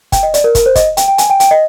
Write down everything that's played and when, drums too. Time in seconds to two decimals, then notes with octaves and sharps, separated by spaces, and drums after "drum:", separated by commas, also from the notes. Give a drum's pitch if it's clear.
0.12 G5, drum: kick, hi-hat
0.23 D#5
0.34 D5, drum: hi-hat
0.44 A#4
0.55 A#4, drum: kick, hi-hat
0.66 C5
0.75 D#5, drum: kick, hi-hat
0.97 G5, drum: hi-hat
1.08 G5
1.18 G#5, drum: hi-hat
1.30 G5
1.40 G5, drum: hi-hat
1.51 D#5